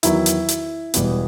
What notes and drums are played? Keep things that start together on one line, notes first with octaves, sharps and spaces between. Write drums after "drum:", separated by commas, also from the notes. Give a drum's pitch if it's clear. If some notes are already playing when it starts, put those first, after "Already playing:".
E2 D#3 F#3 E4, drum: hi-hat
drum: hi-hat
drum: hi-hat
E1 E2 B2 G3 B3, drum: hi-hat